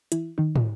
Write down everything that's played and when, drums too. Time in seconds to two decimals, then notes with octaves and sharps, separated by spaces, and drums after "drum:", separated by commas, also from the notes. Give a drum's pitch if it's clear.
0.12 E3 E4, drum: hi-hat
0.38 D#3 D#4
0.56 drum: tom